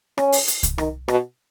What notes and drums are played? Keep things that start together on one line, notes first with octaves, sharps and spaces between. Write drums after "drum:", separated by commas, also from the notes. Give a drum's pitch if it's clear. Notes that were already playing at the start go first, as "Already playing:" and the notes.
C#4, drum: rim click
drum: open hi-hat
drum: hi-hat
drum: kick C2, hi-hat
D#3, drum: rim click
B2, drum: rim click